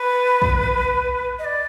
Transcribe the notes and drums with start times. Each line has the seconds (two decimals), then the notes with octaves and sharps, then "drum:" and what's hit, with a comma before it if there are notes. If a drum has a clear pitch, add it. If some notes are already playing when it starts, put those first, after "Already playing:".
Already playing: B4
0.42 drum: kick
1.39 D#5
1.44 D5